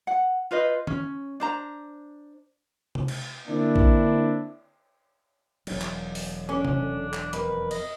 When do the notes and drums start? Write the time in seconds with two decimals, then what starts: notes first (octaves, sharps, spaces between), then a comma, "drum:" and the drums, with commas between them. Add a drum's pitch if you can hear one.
0.07 F#5
0.51 F4 B4 C5 D#5
0.87 C#4, drum: tom D#3
1.40 D4 C5 A#5
2.95 drum: tom C3
3.08 drum: cymbal
3.48 D3 A#3 C4 D4 E4
3.76 drum: kick
5.67 E1 F#3, drum: cymbal
5.82 drum: clap
6.15 drum: open hi-hat
6.49 C#4 D4 A4
6.65 drum: tom C3
7.14 drum: clap
7.33 F2 A#4 B4, drum: hi-hat
7.71 D#5, drum: cymbal